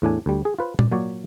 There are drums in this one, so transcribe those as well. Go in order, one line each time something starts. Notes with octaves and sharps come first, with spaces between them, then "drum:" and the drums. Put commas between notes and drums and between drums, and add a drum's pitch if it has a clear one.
E2 A2 D4 G#5
D2 G3
G#4
F4 B4 C5
D5, drum: tom A#2
A#2 F#3 C#5 D5